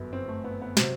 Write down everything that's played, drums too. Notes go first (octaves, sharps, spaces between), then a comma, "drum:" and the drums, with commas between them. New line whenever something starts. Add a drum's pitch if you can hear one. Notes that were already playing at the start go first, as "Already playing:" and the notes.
Already playing: G1 F#2 F#3 B3
C4
A3
B3
B3
C3 F#3 C4, drum: snare